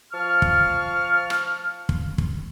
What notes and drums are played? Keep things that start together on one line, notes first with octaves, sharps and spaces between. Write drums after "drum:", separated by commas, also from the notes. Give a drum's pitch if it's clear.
F3 F5 A5 C#6 F6
drum: kick
drum: rim click
drum: kick
drum: kick